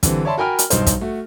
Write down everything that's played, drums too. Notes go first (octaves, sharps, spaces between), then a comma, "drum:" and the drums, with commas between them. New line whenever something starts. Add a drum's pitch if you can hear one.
D3 E3 G3 C4, drum: kick, hi-hat
C#5 D5 E5 A5 B5 C6
F#4 A#4 G5 G#5 B5 F6
drum: hi-hat
B1 G2 D#4 C5, drum: hi-hat
drum: kick, hi-hat
A3 F#4